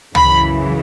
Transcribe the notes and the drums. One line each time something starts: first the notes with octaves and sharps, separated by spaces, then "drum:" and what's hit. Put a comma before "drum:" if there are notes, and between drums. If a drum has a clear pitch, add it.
F#2 C#3 E3 B5, drum: tom C#2